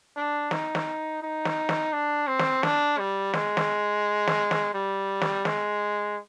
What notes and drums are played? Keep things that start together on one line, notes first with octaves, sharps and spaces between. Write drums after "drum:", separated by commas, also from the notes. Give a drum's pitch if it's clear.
D4
D#4, drum: snare
drum: snare
D#4
drum: snare
drum: snare
D4
C4
drum: snare
D4, drum: snare
G3
G#3, drum: snare
drum: snare
drum: snare
drum: snare
G3
drum: snare
G#3, drum: snare